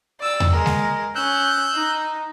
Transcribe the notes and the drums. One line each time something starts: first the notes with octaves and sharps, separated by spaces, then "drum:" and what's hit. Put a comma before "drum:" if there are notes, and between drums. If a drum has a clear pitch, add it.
D5 E6
drum: tom E2
G#3 A#4
drum: snare G#3
C#4 E6 F#6 G6
D#4